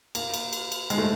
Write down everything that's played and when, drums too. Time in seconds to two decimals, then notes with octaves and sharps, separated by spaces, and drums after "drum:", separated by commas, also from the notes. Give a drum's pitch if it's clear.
0.15 A#3, drum: cymbal
0.34 drum: cymbal
0.53 drum: cymbal
0.72 drum: cymbal
0.90 G#3, drum: cymbal
0.98 A3